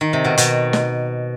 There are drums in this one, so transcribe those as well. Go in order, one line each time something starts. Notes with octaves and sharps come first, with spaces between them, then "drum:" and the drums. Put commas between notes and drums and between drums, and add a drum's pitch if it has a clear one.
D#3
C3
B2
B2, drum: hi-hat
drum: snare